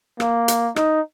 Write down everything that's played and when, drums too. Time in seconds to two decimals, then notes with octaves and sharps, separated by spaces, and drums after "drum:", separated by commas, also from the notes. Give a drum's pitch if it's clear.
0.20 A#3, drum: rim click
0.48 drum: hi-hat
0.76 D#4, drum: rim click